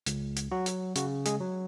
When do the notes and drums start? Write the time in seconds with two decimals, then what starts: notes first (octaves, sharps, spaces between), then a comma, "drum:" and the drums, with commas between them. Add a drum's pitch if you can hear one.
0.06 C#2, drum: hi-hat
0.37 drum: hi-hat
0.51 F#3 F#4
0.66 drum: hi-hat
0.96 C#3 F#4, drum: hi-hat
1.26 G#3 G#4, drum: hi-hat
1.41 F#3